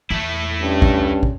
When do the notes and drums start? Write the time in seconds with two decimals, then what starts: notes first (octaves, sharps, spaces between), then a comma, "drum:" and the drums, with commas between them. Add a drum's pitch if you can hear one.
0.10 E2 A3 E4
0.62 G2 C#4
0.82 drum: kick
1.23 drum: kick